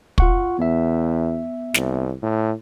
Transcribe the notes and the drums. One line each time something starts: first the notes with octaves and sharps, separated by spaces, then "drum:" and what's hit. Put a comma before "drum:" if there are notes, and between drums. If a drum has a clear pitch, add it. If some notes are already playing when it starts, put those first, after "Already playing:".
F4 F#5 C#6, drum: kick
E2 B3 E5
C2, drum: snare
A2